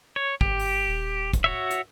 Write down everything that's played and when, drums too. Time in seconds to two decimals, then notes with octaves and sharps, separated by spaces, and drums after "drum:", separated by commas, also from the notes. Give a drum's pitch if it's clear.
0.16 C#5
0.41 G1 G4, drum: kick
0.59 drum: open hi-hat
0.88 D#1
1.33 drum: kick, hi-hat
1.44 F#4 C#5 E5
1.71 drum: hi-hat